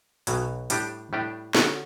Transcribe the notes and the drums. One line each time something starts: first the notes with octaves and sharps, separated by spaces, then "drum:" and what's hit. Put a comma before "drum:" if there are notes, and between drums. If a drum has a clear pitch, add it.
B1 B2 F#3, drum: hi-hat
A2 G3 D4 G4, drum: hi-hat
A2 G3 D4 G4
D3 A3 C#4 F#4, drum: snare